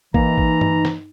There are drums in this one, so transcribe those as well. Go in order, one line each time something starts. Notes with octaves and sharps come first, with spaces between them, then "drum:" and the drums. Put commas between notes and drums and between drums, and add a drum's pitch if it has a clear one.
E3 A#3 D#4 A#5, drum: kick
drum: kick
drum: tom G2
drum: snare